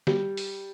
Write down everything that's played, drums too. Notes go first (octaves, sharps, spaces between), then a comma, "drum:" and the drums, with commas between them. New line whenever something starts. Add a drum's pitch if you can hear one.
G3, drum: snare
drum: open hi-hat